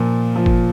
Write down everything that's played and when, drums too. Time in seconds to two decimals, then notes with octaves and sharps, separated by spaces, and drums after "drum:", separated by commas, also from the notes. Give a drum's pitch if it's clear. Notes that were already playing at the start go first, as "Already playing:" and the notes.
Already playing: A#2 F3
0.36 F3
0.46 drum: kick